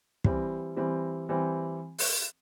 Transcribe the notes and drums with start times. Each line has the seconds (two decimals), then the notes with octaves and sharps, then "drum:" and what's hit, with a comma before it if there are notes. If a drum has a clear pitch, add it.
0.24 E3 G3 C4, drum: kick
0.76 E3 G3 C4
1.29 E3 G3 C4
1.99 drum: open hi-hat